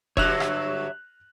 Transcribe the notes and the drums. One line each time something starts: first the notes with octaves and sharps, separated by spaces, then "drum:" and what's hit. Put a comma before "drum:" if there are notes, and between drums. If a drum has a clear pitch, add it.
G2 D3 F#3 C#5 E5 F#6 F7, drum: kick E1
drum: rim click